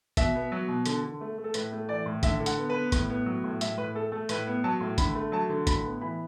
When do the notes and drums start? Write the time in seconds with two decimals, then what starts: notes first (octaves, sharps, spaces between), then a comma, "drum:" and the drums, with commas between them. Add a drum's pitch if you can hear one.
0.17 B2 E5, drum: kick G#1, hi-hat
0.35 B3
0.52 F#3
0.68 B2
0.86 D3, drum: hi-hat
1.04 D3
1.21 A3
1.38 A3
1.44 A4
1.54 A2 B4, drum: hi-hat
1.72 A3
1.89 E3 D5
2.06 A2
2.23 D3 E5, drum: kick G#1, hi-hat
2.40 D3
2.46 F#5, drum: hi-hat
2.58 B3
2.70 B4
2.75 B3
2.92 A2, drum: kick G#1, hi-hat
3.10 B3
3.26 F#3
3.44 A2
3.61 A2 E5, drum: hi-hat
3.78 A2 B4
3.95 A3 A4
4.12 A3 A4
4.29 A2 B4, drum: hi-hat
4.47 B3
4.64 F#3 A5
4.80 A2
4.98 D3 B5, drum: kick G#1, hi-hat
5.15 A3
5.32 F#3 A5
5.49 D3
5.67 A2 B5, drum: kick G#1, hi-hat
5.85 B3
6.01 E3 B5